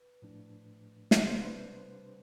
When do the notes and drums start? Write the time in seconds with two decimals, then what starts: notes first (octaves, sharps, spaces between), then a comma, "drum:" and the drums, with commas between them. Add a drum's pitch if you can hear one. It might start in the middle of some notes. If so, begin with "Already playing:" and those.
Already playing: B4
0.22 A2 F3 A3 D4
1.11 drum: snare
1.27 C3 G3 D4 C5
1.35 B4
1.43 C5